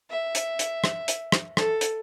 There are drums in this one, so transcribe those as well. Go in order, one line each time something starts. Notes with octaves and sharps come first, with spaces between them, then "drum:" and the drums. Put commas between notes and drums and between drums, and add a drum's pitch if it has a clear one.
E5
drum: hi-hat
drum: hi-hat
drum: rim click
drum: hi-hat
drum: rim click
A4, drum: rim click
drum: hi-hat